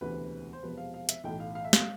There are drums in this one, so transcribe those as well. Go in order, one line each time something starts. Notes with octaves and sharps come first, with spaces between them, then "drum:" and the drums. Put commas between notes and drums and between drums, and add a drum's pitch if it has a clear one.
E1 D2 C3 E3 B4
C5
E1 E2 C3 F3 B4
F5
F5
E5, drum: hi-hat
B1 A2 E3 G5
F5
F5
E5
F5, drum: snare